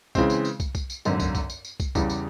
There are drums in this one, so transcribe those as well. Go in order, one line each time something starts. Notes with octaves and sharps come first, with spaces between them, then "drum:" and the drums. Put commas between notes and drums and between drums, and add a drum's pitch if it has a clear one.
C#3 E3 G#3 C4, drum: kick, tambourine
drum: tambourine
drum: tambourine
drum: kick, tambourine
drum: kick, tambourine
drum: tambourine
G#1 F#2 D3, drum: tambourine
drum: kick, tambourine
drum: kick, tambourine
drum: tambourine
drum: tambourine
drum: kick, tambourine
E2 C#3 E3 G3, drum: kick, tambourine
drum: tambourine